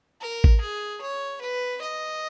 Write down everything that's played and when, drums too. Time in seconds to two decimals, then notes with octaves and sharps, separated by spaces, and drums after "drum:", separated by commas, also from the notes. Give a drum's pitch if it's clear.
0.21 A#4
0.44 drum: kick A1
0.61 G#4
1.01 C#5
1.41 B4
1.81 D#5